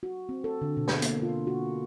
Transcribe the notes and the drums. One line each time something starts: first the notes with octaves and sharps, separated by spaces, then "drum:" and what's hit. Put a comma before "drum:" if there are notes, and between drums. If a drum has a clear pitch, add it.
F#4
C4
A4
D3
B2
drum: snare
A#3, drum: hi-hat
F4
F#4